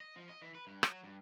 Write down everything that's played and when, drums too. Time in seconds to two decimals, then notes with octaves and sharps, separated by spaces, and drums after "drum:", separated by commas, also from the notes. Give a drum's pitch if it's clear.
0.01 D#5
0.16 F3
0.29 D#5
0.42 E3
0.55 B4
0.67 G2
0.83 F#3, drum: rim click
1.04 G2